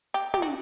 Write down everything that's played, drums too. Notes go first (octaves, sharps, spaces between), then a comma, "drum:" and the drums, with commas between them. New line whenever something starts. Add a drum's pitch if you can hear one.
G4
G4, drum: tom
F#4